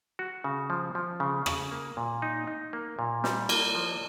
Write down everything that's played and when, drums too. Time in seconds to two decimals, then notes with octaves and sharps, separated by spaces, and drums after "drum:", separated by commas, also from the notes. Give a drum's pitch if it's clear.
0.19 F#4
0.44 C#3
0.70 F3
0.95 F3
1.20 C#3
1.46 C#3, drum: rim click
1.71 A#3
1.97 A#2
2.22 D#4
2.47 D#4
2.73 A#3
2.99 A#2
3.24 G3, drum: snare
3.49 A#3, drum: cymbal
3.75 F3